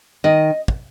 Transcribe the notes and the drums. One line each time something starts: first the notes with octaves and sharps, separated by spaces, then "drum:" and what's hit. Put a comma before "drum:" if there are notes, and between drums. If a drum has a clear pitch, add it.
D#3 D#5
drum: kick